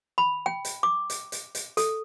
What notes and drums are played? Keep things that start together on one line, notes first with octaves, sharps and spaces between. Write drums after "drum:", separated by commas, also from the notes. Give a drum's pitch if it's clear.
B5
G5
drum: hi-hat
D6
drum: hi-hat
drum: hi-hat
drum: hi-hat
A4, drum: hi-hat